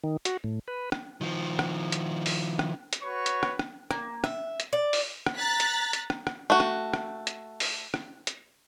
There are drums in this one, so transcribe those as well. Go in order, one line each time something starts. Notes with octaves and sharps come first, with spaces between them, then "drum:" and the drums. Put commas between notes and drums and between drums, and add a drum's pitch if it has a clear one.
D#3
F#4, drum: hi-hat
A2
B4
drum: rim click
D#3 F3
drum: rim click
drum: hi-hat
drum: open hi-hat
drum: rim click
drum: hi-hat
F#4 B4 C#5 C#6
drum: hi-hat
drum: rim click
drum: rim click
A#3, drum: rim click
E5, drum: rim click
drum: hi-hat
D5
drum: open hi-hat
drum: rim click
A#5 F#6 A6 B6
drum: hi-hat
drum: hi-hat
drum: rim click
drum: rim click
A3 F#4
drum: rim click
drum: rim click
drum: hi-hat
drum: open hi-hat
drum: rim click
drum: hi-hat